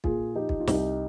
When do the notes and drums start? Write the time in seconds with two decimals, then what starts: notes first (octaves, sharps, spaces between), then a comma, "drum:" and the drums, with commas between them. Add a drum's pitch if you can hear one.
0.04 A#2 F4 G#4, drum: kick
0.35 F3 D#4 G4
0.49 drum: kick
0.60 F4
0.67 C2 D#4 G4, drum: snare